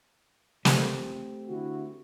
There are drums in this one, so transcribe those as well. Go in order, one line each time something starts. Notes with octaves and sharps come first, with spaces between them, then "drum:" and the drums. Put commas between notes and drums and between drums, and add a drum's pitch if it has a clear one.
A3 C4 G4, drum: snare
D3 E4 F#4